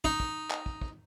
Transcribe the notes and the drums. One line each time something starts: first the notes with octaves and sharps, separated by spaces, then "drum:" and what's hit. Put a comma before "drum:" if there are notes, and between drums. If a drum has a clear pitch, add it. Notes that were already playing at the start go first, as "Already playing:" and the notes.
D#4, drum: kick
drum: kick
drum: clap
drum: kick
drum: kick